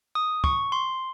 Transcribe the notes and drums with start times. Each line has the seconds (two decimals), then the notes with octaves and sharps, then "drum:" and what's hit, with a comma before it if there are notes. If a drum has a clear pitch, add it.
0.15 D#6
0.44 C#6, drum: kick
0.72 C6